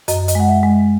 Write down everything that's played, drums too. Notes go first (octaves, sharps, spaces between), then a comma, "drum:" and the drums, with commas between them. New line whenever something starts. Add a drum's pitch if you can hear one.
F#2 D#5, drum: hi-hat
D#5, drum: hi-hat
G#3 F#5
E5
G#3